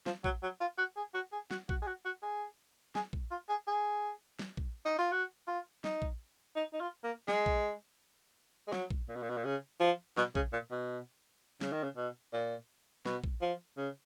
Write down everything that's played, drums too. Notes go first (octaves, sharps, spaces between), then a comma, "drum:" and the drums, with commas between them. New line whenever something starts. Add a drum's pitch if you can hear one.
F3, drum: snare
F#3, drum: kick A#1
F#3
F4
F#4
G#4
F#4
G#4
F#4, drum: snare
F#4, drum: kick A#1
G#4
F#4
F#4
G#4
G#4, drum: snare
drum: kick A#1
F4
G#4
G#4
drum: snare
drum: kick A#1
D#4
F4
F#4
F4
D#4, drum: snare
drum: kick A#1
D#4
D#4
F4
A#3
G#3, drum: snare
drum: kick A#1
G#3
F#3, drum: snare
drum: kick A#1
A#2
B2
A#2
B2
A#2
C#3
F3
B2, drum: snare
C#3, drum: kick A#1
A#2
B2
C#3, drum: snare
D#3
C#3
B2
A#2
B2, drum: snare
drum: kick A#1
F3
C#3